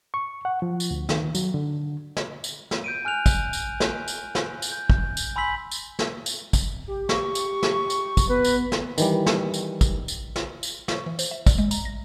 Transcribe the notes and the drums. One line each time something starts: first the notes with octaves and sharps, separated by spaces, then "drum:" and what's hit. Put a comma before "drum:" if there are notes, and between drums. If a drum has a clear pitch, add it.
C#6
F#5
F3
drum: tambourine
D2
D#3, drum: snare
F#3, drum: tambourine
D3
drum: snare
drum: tambourine
drum: snare
G6 D7 D#7
G#5 F6 F#6 F7
drum: kick, tambourine
drum: tambourine
drum: snare
drum: tambourine
drum: snare
drum: tambourine
G6
drum: kick
drum: tambourine
G#5 B5 C6 E6 B6 F#7
drum: tambourine
drum: snare
drum: tambourine
drum: kick, tambourine
G4
C#6, drum: snare
drum: tambourine
drum: snare
drum: tambourine
drum: kick, tambourine
B3 B4
drum: tambourine
drum: snare
D#3 E3 G3, drum: tambourine
drum: snare
drum: tambourine
drum: kick, tambourine
drum: tambourine
drum: snare
drum: tambourine
C#6, drum: snare
E3
C5, drum: tambourine
E5
D5, drum: kick, tambourine
G#3
A#5, drum: tambourine
A#6